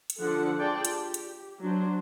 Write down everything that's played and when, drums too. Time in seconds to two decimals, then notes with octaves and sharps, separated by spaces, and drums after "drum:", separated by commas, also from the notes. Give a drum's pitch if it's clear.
0.10 drum: hi-hat
0.19 D3 F3 D4 A4 F#5
0.57 F4 G#4 D5 G5 A5
0.85 drum: hi-hat
0.94 G4
1.14 drum: hi-hat
1.62 F#3 D4 C5